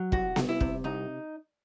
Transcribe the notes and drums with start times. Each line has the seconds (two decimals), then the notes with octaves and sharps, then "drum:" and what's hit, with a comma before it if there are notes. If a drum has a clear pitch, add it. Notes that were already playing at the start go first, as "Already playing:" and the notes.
Already playing: F#3
0.12 C2 F#4, drum: kick
0.36 C2, drum: snare B3
0.49 E4
0.60 C3, drum: kick
0.84 C2 D#4